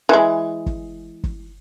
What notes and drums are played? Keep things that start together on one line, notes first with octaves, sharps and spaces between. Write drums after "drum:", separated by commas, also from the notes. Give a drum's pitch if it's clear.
E3 G#3
drum: kick
drum: kick